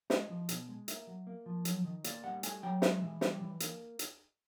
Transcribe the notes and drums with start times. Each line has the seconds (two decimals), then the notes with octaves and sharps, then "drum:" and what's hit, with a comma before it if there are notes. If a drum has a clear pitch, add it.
0.10 G#3 D#5, drum: snare
0.29 F3
0.49 B2, drum: hi-hat
0.69 G#3
0.88 A#3 E5, drum: hi-hat
1.07 F#3
1.27 A#3
1.46 F3
1.65 F#3, drum: hi-hat
1.84 D#3
2.04 A#3 D5, drum: hi-hat
2.24 G3 F#5
2.43 A3 G#5, drum: hi-hat
2.63 F#3 G5
2.82 G#3 E5, drum: snare
3.02 E3
3.21 G3, drum: snare
3.41 E3
3.60 A#3, drum: hi-hat
3.99 drum: hi-hat